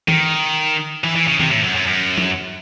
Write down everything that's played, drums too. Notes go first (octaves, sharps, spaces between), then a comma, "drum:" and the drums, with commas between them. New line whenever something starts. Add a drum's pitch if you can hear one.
D#3, drum: tom D#3
E3
E3
C#3
C3, drum: tom D#3
A2
F#2
F#2
F#2
drum: tom F3